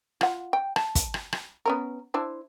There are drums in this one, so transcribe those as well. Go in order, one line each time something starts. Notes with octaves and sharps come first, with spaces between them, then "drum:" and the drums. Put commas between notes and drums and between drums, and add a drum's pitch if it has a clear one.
F4 F#5, drum: rim click
G5
A5, drum: rim click
drum: kick, hi-hat
drum: rim click
drum: rim click
B3 C#4 A#4
D4 E4 C5